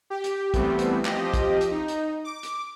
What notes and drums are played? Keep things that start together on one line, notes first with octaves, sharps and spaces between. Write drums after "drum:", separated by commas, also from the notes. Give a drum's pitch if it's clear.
G4
drum: hi-hat
E3 G3 A3 B3 C4, drum: kick, hi-hat
drum: hi-hat
F3 C4 G4 D#5, drum: clap
drum: kick, hi-hat
drum: hi-hat
D#4
drum: hi-hat
D6
drum: hi-hat